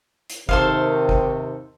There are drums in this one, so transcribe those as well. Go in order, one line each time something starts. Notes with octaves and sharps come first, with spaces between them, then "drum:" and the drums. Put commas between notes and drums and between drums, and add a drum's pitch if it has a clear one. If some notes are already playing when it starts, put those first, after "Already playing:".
drum: hi-hat
C3 D#3 A4 C5 F5, drum: kick G1
drum: kick G1